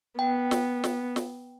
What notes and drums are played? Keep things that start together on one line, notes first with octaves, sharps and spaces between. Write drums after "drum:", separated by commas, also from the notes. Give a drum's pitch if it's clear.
B3 G5
drum: snare
drum: snare
drum: snare